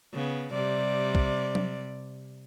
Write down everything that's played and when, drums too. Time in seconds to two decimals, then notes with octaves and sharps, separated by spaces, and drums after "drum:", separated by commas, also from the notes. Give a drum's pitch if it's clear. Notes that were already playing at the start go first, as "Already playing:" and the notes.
0.14 C#3 B3
0.53 C3 G3 D5
1.15 drum: kick
1.55 drum: tom F#3